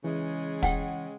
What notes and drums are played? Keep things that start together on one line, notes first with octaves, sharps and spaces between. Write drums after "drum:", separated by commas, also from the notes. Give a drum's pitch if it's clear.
C#3 E3 G#3
F#5 G5, drum: kick, hi-hat